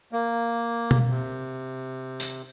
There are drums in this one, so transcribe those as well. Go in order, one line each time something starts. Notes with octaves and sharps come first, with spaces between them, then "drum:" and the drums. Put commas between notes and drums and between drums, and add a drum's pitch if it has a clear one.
A#3
drum: tom B2
C3
drum: tambourine